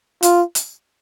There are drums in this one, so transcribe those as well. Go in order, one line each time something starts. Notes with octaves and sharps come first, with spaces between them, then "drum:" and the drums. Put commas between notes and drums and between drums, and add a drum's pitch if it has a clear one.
F4, drum: hi-hat
drum: hi-hat